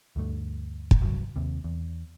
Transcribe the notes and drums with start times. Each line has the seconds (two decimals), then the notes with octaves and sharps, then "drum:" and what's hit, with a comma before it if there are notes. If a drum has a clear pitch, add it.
0.16 D2 G2 A3
0.91 drum: kick
1.01 C2 G2 F#3
1.36 D#2 C3
1.64 E2